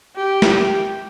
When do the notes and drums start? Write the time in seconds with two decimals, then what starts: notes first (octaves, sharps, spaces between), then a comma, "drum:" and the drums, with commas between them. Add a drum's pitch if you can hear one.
0.16 G4
0.42 drum: snare